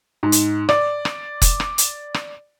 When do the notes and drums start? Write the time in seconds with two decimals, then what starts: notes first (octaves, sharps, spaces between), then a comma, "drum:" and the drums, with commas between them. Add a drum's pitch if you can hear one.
0.23 G#2
0.32 drum: hi-hat
0.69 D5, drum: rim click
1.05 drum: rim click
1.42 drum: kick F1, hi-hat
1.60 drum: rim click
1.78 drum: hi-hat
2.14 drum: rim click